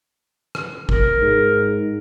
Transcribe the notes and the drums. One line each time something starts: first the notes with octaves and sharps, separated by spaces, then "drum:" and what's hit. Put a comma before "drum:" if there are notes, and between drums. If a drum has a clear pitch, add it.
drum: rim click
A#4, drum: kick G#1
G#2